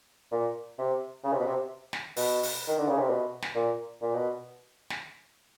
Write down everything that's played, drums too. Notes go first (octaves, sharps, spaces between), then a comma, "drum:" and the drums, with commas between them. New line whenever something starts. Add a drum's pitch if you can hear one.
A#2
C3
C#3
C3
B2
C3
drum: snare
B2, drum: open hi-hat
drum: open hi-hat
D#3
D3
C#3
C3
B2
drum: snare
A#2
A#2
B2
drum: snare